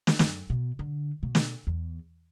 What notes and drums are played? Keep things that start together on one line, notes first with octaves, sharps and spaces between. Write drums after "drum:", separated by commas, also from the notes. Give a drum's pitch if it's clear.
drum: snare
F#2, drum: snare
B2
D3
B2
drum: snare
E2